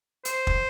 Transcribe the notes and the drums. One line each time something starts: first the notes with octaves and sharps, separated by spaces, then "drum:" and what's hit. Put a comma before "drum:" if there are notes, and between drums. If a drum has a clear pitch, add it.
C5, drum: hi-hat
drum: kick